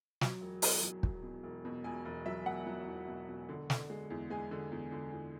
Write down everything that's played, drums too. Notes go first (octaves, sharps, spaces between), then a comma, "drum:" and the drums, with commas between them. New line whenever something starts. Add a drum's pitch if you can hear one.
F#3, drum: snare
E1
E2, drum: open hi-hat
F#3
F#3, drum: kick
B2
E1
B2
E1 G#5
E1
F#3 E5
E1 F#5
F#3
E2
B2
B2
D3
D3, drum: snare
G#3
E2
G#3 G#5
D3
E2
D3
E2